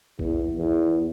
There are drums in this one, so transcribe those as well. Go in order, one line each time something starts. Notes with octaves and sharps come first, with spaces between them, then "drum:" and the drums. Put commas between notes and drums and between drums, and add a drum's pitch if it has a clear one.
E2, drum: kick B1
E2